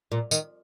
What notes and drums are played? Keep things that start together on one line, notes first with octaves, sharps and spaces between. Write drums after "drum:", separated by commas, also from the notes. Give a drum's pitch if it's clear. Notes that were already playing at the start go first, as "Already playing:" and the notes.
A#2
D#3, drum: tambourine